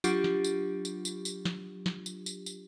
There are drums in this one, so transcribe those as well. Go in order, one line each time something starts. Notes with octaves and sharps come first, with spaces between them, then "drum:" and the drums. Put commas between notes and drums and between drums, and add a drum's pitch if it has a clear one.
F#3 D4 F4 G4, drum: tambourine
drum: snare
drum: tambourine
drum: tambourine
drum: tambourine
drum: tambourine
drum: snare
drum: snare
drum: tambourine
drum: tambourine
drum: tambourine